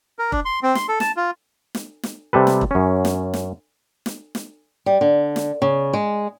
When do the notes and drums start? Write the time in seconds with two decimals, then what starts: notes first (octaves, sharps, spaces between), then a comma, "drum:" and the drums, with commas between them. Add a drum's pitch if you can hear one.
0.19 A#4
0.32 D4, drum: kick E1
0.45 C6
0.63 C4
0.75 C6, drum: snare
0.88 A4
1.00 A5, drum: snare
1.17 F4
1.75 drum: snare
2.03 drum: snare
2.33 C3 G3 A4 B4
2.47 drum: snare
2.61 drum: kick E1
2.71 F#2 C#4
3.05 drum: snare
3.34 drum: snare
4.06 drum: snare
4.35 drum: snare
4.86 G3
5.01 D3
5.36 drum: snare
5.62 C#3
5.93 G#3